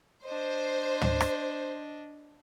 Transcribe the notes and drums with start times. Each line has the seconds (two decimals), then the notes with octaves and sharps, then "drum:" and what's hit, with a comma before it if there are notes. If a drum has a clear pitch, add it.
0.25 D4 C5 D#5
1.02 drum: tom
1.21 drum: rim click